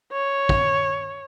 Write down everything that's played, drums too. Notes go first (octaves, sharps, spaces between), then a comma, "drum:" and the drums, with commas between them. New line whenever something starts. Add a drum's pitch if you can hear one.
C#5
drum: kick